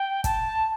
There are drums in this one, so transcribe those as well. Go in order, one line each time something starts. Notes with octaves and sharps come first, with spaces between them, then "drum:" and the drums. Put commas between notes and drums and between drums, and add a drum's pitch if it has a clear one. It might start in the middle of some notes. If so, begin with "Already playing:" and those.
Already playing: G5
A5, drum: kick, hi-hat